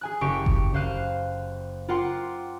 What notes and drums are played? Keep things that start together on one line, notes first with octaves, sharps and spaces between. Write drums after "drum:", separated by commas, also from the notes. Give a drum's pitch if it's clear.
G#4 G#5 F#6
F#1 G4 C#6 D7
drum: kick F#1
F#1 C5 F5 F#6 D#7
F4 A#4 F#5 G5 C6 D6